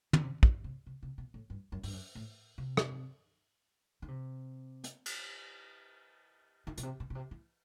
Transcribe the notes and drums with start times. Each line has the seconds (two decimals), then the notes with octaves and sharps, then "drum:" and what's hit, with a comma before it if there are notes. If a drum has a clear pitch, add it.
0.13 D#3, drum: tom
0.21 C3
0.43 D#3, drum: kick
0.64 C3
0.86 C3
1.03 C3
1.18 B2
1.34 A2
1.50 G2
1.72 F#2
1.83 G2, drum: open hi-hat
1.93 F#2
2.15 A2
2.58 C3
2.77 drum: rim click
4.02 D#3
4.08 C3
4.84 drum: hi-hat
5.06 drum: cymbal
6.67 D#3
6.78 B2, drum: hi-hat
6.83 C3
7.00 B2
7.10 B2
7.15 C3
7.31 E3